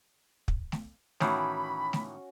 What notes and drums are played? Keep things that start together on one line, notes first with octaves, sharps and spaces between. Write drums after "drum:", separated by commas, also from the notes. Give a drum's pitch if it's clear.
drum: kick
drum: snare A3
A2 D#3 E3 C#4 F#4 B5, drum: snare A3
drum: snare A3